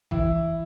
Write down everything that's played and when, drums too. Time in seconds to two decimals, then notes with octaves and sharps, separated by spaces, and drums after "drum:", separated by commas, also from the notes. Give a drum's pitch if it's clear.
0.11 E3 E4, drum: kick A1